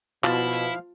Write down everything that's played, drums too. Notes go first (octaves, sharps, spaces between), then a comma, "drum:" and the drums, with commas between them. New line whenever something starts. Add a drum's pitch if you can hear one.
B2 F3 E4 F4 F5 A5, drum: clap
drum: hi-hat